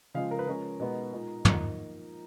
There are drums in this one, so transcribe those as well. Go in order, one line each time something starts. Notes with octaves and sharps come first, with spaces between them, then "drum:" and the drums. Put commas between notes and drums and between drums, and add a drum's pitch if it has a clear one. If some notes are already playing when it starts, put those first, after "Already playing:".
C#3 F3 G#3 F5
A#4
B4
F3 G#3 C#4 A#4
B2 G#3 B3 D#4
A#2 G#3 D#4
F3 A#3 D#4, drum: tom